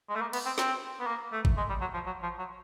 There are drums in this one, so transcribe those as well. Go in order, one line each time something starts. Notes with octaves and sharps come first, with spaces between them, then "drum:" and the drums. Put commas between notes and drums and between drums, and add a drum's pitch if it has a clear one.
G#3
A3
A#3
B3, drum: cymbal
C4
C4, drum: snare
B3
A#3
A3
drum: kick G#1
G#3
G3
F#3
F3
F#3
F3
F#3